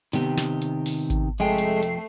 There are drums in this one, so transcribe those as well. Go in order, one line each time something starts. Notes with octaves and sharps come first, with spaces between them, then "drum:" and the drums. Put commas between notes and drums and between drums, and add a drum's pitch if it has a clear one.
C3 D#3 B3 G4, drum: hi-hat
drum: snare
drum: hi-hat
drum: open hi-hat
drum: kick G#1, hi-hat
F2 C3 G#3 A3 G5 C7
drum: hi-hat
drum: hi-hat